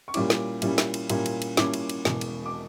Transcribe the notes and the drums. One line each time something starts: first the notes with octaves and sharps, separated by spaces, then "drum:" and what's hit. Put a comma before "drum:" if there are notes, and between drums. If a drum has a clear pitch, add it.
C#6
A#2 G3 C#4 E4 D6, drum: cymbal
drum: snare
A#2 G3 C#4 E4, drum: cymbal
drum: snare
drum: cymbal
A#2 G3 C#4 E4, drum: cymbal
drum: cymbal
drum: cymbal
A#2 G3 C#4 E4 D6, drum: snare
drum: cymbal
drum: cymbal
E1 E2 B2, drum: snare
drum: cymbal
D6